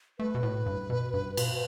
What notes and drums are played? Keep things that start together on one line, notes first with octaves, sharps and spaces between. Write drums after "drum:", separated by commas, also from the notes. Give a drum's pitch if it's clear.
A3 B4
B2
A2
G2
B2
G2
B2, drum: cymbal